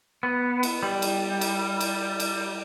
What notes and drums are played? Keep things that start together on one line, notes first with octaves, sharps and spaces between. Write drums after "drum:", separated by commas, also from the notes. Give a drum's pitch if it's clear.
B3
drum: cymbal
G3
drum: cymbal
drum: cymbal
drum: cymbal
drum: cymbal